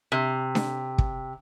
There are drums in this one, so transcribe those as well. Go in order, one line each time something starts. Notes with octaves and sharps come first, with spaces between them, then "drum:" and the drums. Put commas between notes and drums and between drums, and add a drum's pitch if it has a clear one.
C3
drum: snare D4
drum: kick